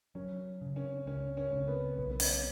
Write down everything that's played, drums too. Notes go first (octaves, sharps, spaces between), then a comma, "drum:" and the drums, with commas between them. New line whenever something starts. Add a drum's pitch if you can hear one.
F#3 C#4
C#3
C#4
C#2 C#4
C#4
C#2
B3
B1 B3
B3
C#4, drum: open hi-hat